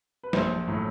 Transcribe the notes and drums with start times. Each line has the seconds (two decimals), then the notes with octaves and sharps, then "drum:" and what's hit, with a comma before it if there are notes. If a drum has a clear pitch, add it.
0.23 B4
0.33 A#1 C5, drum: snare
0.67 A2 F#3